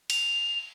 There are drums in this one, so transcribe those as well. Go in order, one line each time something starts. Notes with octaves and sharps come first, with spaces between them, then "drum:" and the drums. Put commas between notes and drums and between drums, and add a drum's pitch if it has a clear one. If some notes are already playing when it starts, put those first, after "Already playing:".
F7, drum: cymbal